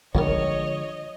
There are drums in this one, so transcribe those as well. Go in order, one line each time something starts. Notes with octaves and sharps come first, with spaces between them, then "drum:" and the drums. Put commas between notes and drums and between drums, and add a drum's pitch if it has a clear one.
E2 G2 D3 D#3 F3 G#3 C#5 D#5, drum: kick